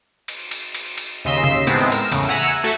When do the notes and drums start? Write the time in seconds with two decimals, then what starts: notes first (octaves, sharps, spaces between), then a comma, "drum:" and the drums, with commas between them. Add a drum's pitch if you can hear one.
0.28 drum: cymbal
0.51 drum: cymbal
0.74 drum: cymbal
0.98 drum: cymbal
1.25 D#2 C#3 D#5 C6 E6 B6
1.44 drum: tom C#3
1.67 A2 G#3 B3 C4 D#4, drum: cymbal
1.92 A#4 E6, drum: cymbal
2.12 E2 A2 C#3, drum: cymbal
2.29 E5 F#5 G#5 A#5 E6
2.64 A3 F#4 A4